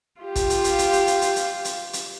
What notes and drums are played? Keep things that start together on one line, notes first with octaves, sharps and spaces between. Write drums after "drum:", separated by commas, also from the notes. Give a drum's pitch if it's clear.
F4 G4
drum: kick, hi-hat
drum: hi-hat
drum: hi-hat
drum: hi-hat
drum: hi-hat
drum: hi-hat
drum: hi-hat
drum: hi-hat
drum: hi-hat
drum: hi-hat